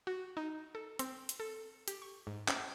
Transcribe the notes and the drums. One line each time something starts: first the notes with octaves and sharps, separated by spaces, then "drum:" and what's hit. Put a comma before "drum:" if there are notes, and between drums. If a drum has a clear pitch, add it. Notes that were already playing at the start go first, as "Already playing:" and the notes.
F#4
D#4
A4
C4, drum: hi-hat
drum: hi-hat
A4
G4, drum: hi-hat
C#6
G#2
C#4, drum: clap